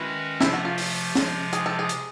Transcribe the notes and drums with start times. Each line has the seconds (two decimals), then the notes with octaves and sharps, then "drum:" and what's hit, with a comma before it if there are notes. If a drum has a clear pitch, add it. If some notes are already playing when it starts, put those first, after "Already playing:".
Already playing: D#3 G#3 C#4 E4 F#4 B4
0.41 C3 F3 A3 E4, drum: snare
0.53 F#4
0.65 F4
0.78 drum: open hi-hat
1.15 C3 F3 G#3, drum: snare
1.53 G#4, drum: hi-hat
1.66 A4
1.79 G#4
1.89 drum: hi-hat